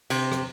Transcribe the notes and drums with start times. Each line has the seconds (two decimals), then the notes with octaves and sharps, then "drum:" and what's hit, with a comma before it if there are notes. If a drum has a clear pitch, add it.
0.10 C3, drum: cymbal
0.32 drum: rim click